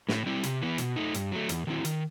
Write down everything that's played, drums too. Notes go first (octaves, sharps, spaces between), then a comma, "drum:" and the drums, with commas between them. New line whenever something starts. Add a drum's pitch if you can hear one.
A2, drum: snare
G3 C4 E4
C3, drum: hi-hat
E3 B3
B2, drum: hi-hat
A3 D#4
G2, drum: hi-hat
F#3 A3
E2, drum: hi-hat
D#3 F#3 C4 E4
D#3, drum: hi-hat